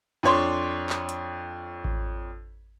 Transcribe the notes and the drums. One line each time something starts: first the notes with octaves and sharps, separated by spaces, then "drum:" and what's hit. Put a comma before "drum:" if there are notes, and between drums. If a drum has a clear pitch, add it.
F2 D4 C#5 C6
drum: clap
drum: hi-hat
drum: kick A1